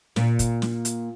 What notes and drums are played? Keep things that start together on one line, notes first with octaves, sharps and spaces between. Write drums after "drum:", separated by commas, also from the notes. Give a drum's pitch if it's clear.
A#2, drum: snare
drum: kick, hi-hat
drum: snare
drum: hi-hat